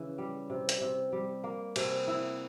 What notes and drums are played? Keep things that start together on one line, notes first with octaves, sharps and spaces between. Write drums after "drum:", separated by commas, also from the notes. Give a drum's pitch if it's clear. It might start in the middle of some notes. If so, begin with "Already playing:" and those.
Already playing: C#3 E3
G3
C3
drum: hi-hat
C3
G3
A#3
C3, drum: cymbal
E4